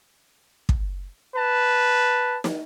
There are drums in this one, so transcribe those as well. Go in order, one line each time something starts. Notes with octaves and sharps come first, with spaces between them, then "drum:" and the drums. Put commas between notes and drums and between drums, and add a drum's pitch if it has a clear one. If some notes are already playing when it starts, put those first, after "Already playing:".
drum: kick
B4 A5
drum: snare